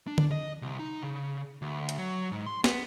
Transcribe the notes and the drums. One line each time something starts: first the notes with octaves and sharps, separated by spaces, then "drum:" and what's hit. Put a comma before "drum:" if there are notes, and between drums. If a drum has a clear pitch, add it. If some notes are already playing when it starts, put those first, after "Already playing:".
D4
drum: tom D3
D#5
C2
D#4
C#3
D2
drum: hi-hat
F#3
G#2
C6
B3, drum: snare